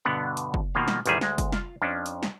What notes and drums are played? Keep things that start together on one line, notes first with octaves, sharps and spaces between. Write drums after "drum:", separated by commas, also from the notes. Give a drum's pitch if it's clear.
G2 B2 D3 B3 D4 F#5
drum: hi-hat
drum: kick
B2 D#3 F3 A#3 F5
drum: snare
A1 E2 D#3 G3 G#4 E5, drum: hi-hat
D2 G#3, drum: snare
drum: kick, hi-hat
F4 F5, drum: snare
F2 F3 C#4 D4
drum: hi-hat
drum: snare